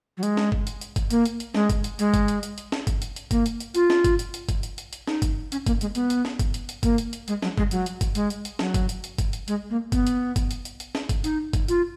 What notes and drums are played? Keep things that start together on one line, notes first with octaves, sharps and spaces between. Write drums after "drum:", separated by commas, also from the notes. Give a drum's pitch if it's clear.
F#3
G#3, drum: hi-hat
drum: snare
drum: kick G1
drum: hi-hat
drum: hi-hat
drum: kick G1, hi-hat
A#3, drum: hi-hat
drum: hi-hat
drum: hi-hat
G#3, drum: snare
drum: kick G1, hi-hat
drum: hi-hat
G#3, drum: hi-hat
drum: kick G1, hi-hat
drum: hi-hat
drum: hi-hat
drum: hi-hat
drum: snare
drum: kick G1, hi-hat
drum: hi-hat
drum: hi-hat
A#3, drum: kick G1, hi-hat
drum: hi-hat
drum: hi-hat
F4, drum: hi-hat
drum: snare
drum: kick G1, hi-hat
drum: hi-hat
drum: hi-hat
drum: kick G1, hi-hat
drum: hi-hat
drum: hi-hat
drum: hi-hat
D#4, drum: snare
drum: kick G1, hi-hat
C#4, drum: hi-hat
A#3, drum: kick G1, hi-hat
G#3, drum: hi-hat
B3, drum: hi-hat
drum: hi-hat
drum: snare
drum: kick G1, hi-hat
drum: hi-hat
drum: hi-hat
A#3, drum: kick G1, hi-hat
drum: hi-hat
drum: hi-hat
G#3, drum: hi-hat
F#3, drum: snare
G#3, drum: kick G1
F#3, drum: hi-hat
drum: hi-hat
drum: kick G1, hi-hat
G#3, drum: hi-hat
drum: hi-hat
drum: hi-hat
F#3, drum: snare
drum: kick G1, hi-hat
drum: hi-hat
drum: hi-hat
drum: kick G1, hi-hat
drum: hi-hat
G#3, drum: hi-hat
A#3
B3, drum: kick G1, hi-hat
drum: hi-hat
drum: kick G1, hi-hat
drum: hi-hat
drum: hi-hat
drum: hi-hat
drum: snare
drum: kick G1, hi-hat
D#4, drum: hi-hat
drum: kick G1, hi-hat
F4, drum: hi-hat